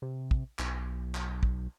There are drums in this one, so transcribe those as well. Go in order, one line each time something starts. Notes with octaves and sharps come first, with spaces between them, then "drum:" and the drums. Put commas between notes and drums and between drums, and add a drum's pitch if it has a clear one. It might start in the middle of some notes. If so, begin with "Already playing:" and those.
C3
drum: kick
B1, drum: clap
drum: clap
drum: kick